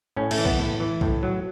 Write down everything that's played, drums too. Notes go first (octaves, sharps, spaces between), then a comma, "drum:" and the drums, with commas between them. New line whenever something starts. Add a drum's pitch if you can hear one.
A2 C#4
A3, drum: cymbal
E3
B3, drum: kick B1
A2
E3
A2, drum: kick B1
F#3